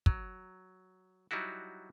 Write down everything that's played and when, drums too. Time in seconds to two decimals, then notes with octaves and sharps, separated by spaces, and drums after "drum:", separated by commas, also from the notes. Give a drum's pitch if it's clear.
0.06 F#3, drum: kick
1.31 F#3 G3 D#4 E4 F#4